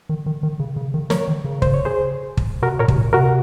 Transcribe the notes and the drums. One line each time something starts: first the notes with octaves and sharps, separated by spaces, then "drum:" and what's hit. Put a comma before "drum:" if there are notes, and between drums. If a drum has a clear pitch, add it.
D#3
D#3
D#3
C#3
C#3
D#3
F3 A#4 C#5, drum: snare
D#3
C#3
C5, drum: kick
C#5
G#4 C5
drum: kick
C3 F#4 A#4
A#2 A#4 C#5
C3, drum: kick
A#2
C3 F#4 A#4